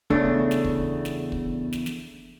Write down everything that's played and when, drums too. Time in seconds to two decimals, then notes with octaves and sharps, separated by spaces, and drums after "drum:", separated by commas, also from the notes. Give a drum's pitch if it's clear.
0.10 E2 C#3 A3 D4, drum: kick
0.51 drum: snare
0.64 drum: kick
1.05 drum: snare
1.32 drum: kick
1.73 drum: snare
1.86 drum: snare